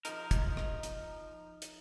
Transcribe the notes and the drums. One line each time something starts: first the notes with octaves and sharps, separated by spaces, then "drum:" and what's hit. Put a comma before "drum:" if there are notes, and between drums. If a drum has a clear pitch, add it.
F3 D#4 A#4 A#5, drum: hi-hat
drum: kick, hi-hat
drum: rim click
drum: hi-hat
drum: hi-hat